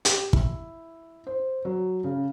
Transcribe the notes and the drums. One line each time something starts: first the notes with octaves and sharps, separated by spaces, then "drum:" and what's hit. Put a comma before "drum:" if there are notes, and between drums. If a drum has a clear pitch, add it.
G4, drum: hi-hat
E4, drum: kick
C5
F#3
C#3